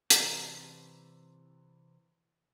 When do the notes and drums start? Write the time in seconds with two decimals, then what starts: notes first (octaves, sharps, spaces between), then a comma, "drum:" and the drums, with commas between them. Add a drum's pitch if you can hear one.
0.10 C3 E3 D5 A5 A#5, drum: hi-hat